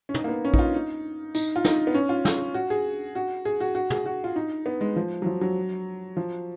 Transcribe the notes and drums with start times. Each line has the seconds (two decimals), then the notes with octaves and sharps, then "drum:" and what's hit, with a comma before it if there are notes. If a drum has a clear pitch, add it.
0.09 C#4
0.14 D#4, drum: tom
0.24 A#3
0.28 B3
0.45 C#4
0.54 D#4, drum: kick A#1
0.59 F4
0.74 D#4
1.35 D#4, drum: tambourine
1.56 F4
1.64 D#4, drum: snare
1.87 B3
1.94 C#4
2.09 F4
2.25 F4, drum: snare
2.54 F#4
2.70 G#4
3.15 F#4
3.45 G#4
3.61 F#4
3.75 F#4
3.90 G#4, drum: tom
4.06 F#4
4.24 F4
4.36 D#4
4.66 B3
4.81 G#3
4.96 F3
5.22 F#3
5.26 F3
5.41 F#3
6.17 F3